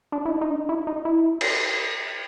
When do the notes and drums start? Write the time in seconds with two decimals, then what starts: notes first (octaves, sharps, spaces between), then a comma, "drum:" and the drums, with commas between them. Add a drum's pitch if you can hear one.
0.12 D4
0.25 E4
0.31 D#4
0.41 D#4
0.50 D4
0.69 E4
0.87 D#4
1.05 E4
1.41 drum: cymbal